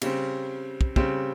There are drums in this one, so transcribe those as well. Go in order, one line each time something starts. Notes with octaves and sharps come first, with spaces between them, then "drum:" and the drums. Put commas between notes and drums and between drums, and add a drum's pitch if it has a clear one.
C#3 G3 C4, drum: cymbal
drum: kick
C#3 G3 C4, drum: kick